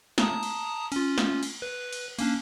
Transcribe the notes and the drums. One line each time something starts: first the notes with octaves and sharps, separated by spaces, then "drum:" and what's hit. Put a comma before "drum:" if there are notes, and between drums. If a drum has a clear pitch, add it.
A5 A#5 D#6, drum: snare
drum: cymbal
C#4 F4, drum: cymbal
drum: snare
drum: cymbal
B4
drum: cymbal
A#3 C#4 D4, drum: cymbal